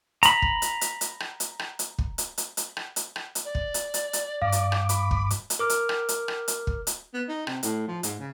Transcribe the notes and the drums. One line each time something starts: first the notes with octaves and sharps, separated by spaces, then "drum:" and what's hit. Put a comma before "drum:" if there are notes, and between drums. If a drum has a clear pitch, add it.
A#5 B5, drum: hi-hat
drum: kick
drum: hi-hat
drum: hi-hat
drum: hi-hat
drum: rim click
drum: hi-hat
drum: rim click
drum: hi-hat
drum: kick
drum: hi-hat
drum: hi-hat
drum: hi-hat
drum: rim click
drum: hi-hat
drum: rim click
drum: hi-hat
D5
drum: kick
drum: hi-hat
drum: hi-hat
drum: hi-hat
G2 F5 D6
drum: hi-hat
drum: rim click
B5, drum: hi-hat
drum: kick
drum: hi-hat
drum: hi-hat
A#4 D6 F6
drum: hi-hat
drum: rim click
drum: hi-hat
drum: rim click
drum: hi-hat
drum: kick
drum: hi-hat
B3
D#4
C3, drum: rim click
A2, drum: hi-hat
F3
G#2, drum: hi-hat
C#3